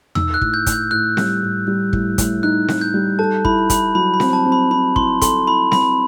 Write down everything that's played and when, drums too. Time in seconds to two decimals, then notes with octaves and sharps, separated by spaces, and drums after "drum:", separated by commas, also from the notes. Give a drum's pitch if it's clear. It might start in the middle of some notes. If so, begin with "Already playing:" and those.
0.15 D#4 E6, drum: tom E2
0.34 F#6
0.41 A2, drum: kick
0.54 G6
0.66 A2, drum: kick, hi-hat
0.72 G6
0.91 A2 F#6
1.17 G3, drum: snare C4
1.43 A2
1.68 G3
1.93 A2, drum: kick
2.18 A2, drum: kick, hi-hat
2.43 D#4 F#6
2.68 D#4, drum: snare C4
2.81 G6
2.94 G3
3.19 A4 A5
3.45 E4 B5, drum: kick
3.70 E4 B5, drum: kick, hi-hat
3.95 F#3 B5
4.14 B5
4.20 C4, drum: snare C4
4.33 A5
4.45 C4
4.52 B5
4.71 C4 B5
4.96 E4 C6, drum: kick
5.22 A4 C6, drum: kick, hi-hat
5.47 E4 B5
5.72 C4 B5, drum: snare C4